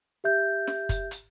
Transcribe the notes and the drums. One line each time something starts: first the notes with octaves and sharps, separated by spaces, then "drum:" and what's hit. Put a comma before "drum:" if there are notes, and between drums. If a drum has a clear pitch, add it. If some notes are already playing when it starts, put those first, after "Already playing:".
G4 E5 G6
drum: snare
drum: kick, hi-hat
drum: hi-hat